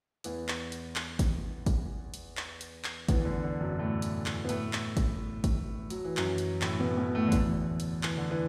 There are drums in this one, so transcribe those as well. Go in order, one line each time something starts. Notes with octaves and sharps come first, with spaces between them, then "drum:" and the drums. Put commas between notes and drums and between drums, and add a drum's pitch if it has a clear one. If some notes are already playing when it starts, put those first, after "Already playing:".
E2 E3, drum: hi-hat
drum: clap
drum: hi-hat
drum: clap
drum: kick, hi-hat
drum: kick, hi-hat
drum: hi-hat
drum: clap
drum: hi-hat
drum: clap
E2 E3, drum: kick, hi-hat
D3
D3
F#2 F#3
F#3
A2 A3
drum: hi-hat
drum: clap
B3
A2 A3, drum: hi-hat
drum: clap
drum: kick, hi-hat
drum: kick, hi-hat
F#3, drum: hi-hat
E3
F#2 F#3, drum: clap
drum: hi-hat
A2 A3, drum: clap
B2 B3
B2 B3
A2 A3
D3
E2 E3, drum: kick, hi-hat
drum: hi-hat
E3, drum: clap
D3
E3